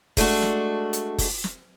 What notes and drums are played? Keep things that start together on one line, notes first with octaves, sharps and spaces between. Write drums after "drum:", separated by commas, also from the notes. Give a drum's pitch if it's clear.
G#3 A3 D4 F#4, drum: kick, open hi-hat
drum: snare
drum: hi-hat
drum: kick, open hi-hat
drum: snare